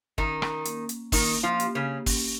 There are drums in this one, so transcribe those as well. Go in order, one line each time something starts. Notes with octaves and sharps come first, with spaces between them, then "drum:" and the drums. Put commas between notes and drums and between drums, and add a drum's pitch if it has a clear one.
D#3 C#4 D#4, drum: kick
drum: rim click
A#3, drum: hi-hat
drum: hi-hat
D#3 A#3 D#4, drum: kick, open hi-hat
F3 F4
G4, drum: hi-hat
C#3 C#4
C#4, drum: kick, open hi-hat